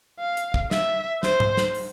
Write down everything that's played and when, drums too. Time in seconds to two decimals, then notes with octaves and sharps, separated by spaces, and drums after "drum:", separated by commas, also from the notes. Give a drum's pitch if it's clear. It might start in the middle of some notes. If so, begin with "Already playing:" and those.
0.20 F5
0.37 drum: hi-hat
0.54 drum: kick
0.71 E5, drum: snare
1.23 C5, drum: snare
1.40 drum: tom G#2
1.57 drum: snare
1.75 drum: open hi-hat